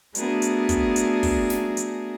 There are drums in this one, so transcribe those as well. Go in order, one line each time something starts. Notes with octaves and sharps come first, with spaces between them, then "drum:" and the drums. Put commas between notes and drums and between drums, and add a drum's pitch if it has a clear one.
A3 B3 D4 F#4 G#4 A#4, drum: hi-hat
drum: hi-hat
drum: kick, hi-hat
drum: hi-hat
drum: kick, open hi-hat
drum: snare
drum: hi-hat